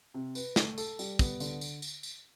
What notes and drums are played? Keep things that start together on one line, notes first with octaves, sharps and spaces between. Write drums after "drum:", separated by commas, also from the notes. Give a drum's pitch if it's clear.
C3
B4, drum: tambourine
A3, drum: snare
A4, drum: tambourine
G3, drum: tambourine
B3, drum: kick, tambourine
D3, drum: tambourine
drum: tambourine
drum: tambourine
drum: tambourine